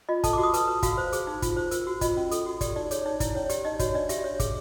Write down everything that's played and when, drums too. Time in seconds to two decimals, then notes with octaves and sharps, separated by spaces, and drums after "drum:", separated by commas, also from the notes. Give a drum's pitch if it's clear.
0.09 F4 D#5
0.24 A4 A5, drum: kick, hi-hat
0.33 D6
0.38 F#4
0.43 D#6
0.54 B4 A5, drum: hi-hat
0.67 B4
0.83 F#4 F5, drum: kick, hi-hat
0.97 C5
1.13 G#4, drum: hi-hat
1.27 D#4
1.42 F4, drum: kick, hi-hat
1.56 C5
1.71 A#4, drum: hi-hat
1.87 F#4
2.01 F4 D#5, drum: kick, hi-hat
2.17 C#4
2.31 A4, drum: hi-hat
2.46 F#4
2.61 G4 D5, drum: kick, hi-hat
2.76 D#4 D5
2.91 G#4 C#5, drum: hi-hat
3.06 D#4 C#5
3.20 E4 D5, drum: kick, hi-hat
3.35 C#4 C#5
3.49 G4 D5, drum: hi-hat
3.65 D#4 D#5
3.79 F#4 C#5, drum: kick, hi-hat
3.94 D4 D5
4.09 G4 E5, drum: hi-hat
4.24 C#5
4.40 G#4, drum: kick, hi-hat